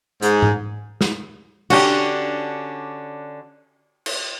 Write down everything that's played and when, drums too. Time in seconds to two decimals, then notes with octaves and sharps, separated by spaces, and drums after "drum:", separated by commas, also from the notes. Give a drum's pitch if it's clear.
0.22 G#2, drum: hi-hat
0.42 drum: tom G#2
1.01 drum: snare
1.70 D3 C#4 D4 F#4 G4, drum: cymbal
4.06 drum: cymbal